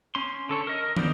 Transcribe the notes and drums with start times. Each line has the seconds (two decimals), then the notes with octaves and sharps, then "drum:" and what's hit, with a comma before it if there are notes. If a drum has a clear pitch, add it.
0.15 C#4 C6
0.49 D3 A4 C#5
0.67 A#4 D#5
0.97 B3 D4 D#4 C5 D5, drum: tom